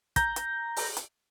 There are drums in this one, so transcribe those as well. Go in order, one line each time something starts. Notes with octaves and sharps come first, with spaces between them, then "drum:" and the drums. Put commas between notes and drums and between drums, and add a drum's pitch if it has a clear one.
A#5 G6 A#6, drum: kick, hi-hat
drum: hi-hat
drum: open hi-hat
drum: hi-hat